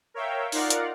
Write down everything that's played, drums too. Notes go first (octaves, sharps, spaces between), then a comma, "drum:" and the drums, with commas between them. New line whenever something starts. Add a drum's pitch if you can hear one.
A#4 C#5 E5 F5 G5
D#4 F4 A#4 D5 F5 F#5, drum: open hi-hat
drum: hi-hat